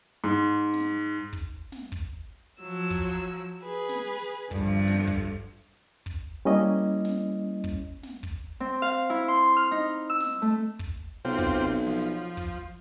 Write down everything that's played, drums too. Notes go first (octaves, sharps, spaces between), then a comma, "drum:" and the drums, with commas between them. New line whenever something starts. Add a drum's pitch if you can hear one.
G#2
drum: snare
drum: kick
drum: snare
drum: kick
F3 F#3 E6
drum: kick
G#4 B4
drum: snare
G2 D3 F3, drum: kick
drum: snare
drum: kick
drum: kick
G3 A#3 C#4 E4 D#5
drum: snare
drum: kick
drum: snare
drum: kick
C4
F5
E4
C6
F6
D#4
E6
drum: snare
A3
drum: kick
B1 C3 C4 F4
drum: kick
F3
drum: kick